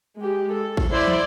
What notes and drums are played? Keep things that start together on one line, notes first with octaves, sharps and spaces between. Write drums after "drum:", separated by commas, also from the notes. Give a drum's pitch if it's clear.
G#3 G4
A4
drum: kick
E4 C5 D5 C6
drum: tom